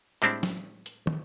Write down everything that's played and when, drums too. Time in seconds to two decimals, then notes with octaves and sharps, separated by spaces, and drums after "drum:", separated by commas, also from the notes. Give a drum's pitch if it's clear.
0.22 A2 G3 G#3 C4 D4 E4, drum: hi-hat
0.43 drum: snare F#3
0.86 drum: hi-hat
1.07 drum: tom